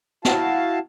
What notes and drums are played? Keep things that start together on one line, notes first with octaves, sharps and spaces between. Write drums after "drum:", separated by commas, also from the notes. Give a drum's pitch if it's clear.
E4 F#4 F5 A5, drum: snare